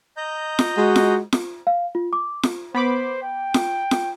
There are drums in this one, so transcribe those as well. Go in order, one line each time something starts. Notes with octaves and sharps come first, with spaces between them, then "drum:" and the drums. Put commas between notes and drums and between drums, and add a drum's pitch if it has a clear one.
D#5 A#5 G6
drum: snare
G#3 F#4
drum: snare
drum: snare
F5
F4
D6
drum: snare
B3 C5 B5 D6
G5
drum: snare
drum: snare